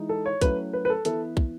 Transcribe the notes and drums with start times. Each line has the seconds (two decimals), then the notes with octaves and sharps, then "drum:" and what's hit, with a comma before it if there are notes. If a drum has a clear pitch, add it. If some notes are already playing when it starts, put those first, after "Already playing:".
Already playing: E3 G#3 D#4
0.09 A4
0.26 C#5
0.41 F#3 A3 C#4 E4 B4, drum: kick, hi-hat
0.73 B4
0.85 B4
0.90 A4
1.05 E3 B3 E4 A4, drum: hi-hat
1.37 drum: kick